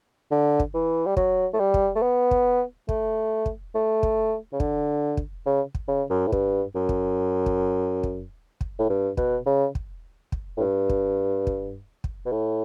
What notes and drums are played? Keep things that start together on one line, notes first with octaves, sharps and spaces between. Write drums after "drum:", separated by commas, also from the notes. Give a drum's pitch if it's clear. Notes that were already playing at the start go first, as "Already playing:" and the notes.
D3
drum: kick
E3
G3
F#3, drum: kick
A3
G3
drum: kick
A3
B3
drum: kick
A3, drum: kick
drum: kick
A3
drum: kick
C#3
D3, drum: kick
drum: kick
C#3
drum: kick
C#3
F#2
A2
G2, drum: kick
F#2
drum: kick
drum: kick
drum: kick
drum: kick
A2
G2
B2, drum: kick
C#3
drum: kick
drum: kick
A2
G2
drum: kick
drum: kick
drum: kick
B2
A2